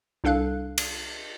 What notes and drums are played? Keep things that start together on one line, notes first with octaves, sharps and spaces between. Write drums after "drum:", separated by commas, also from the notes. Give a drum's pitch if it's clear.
C2 D4 A4 F5 F#6
drum: cymbal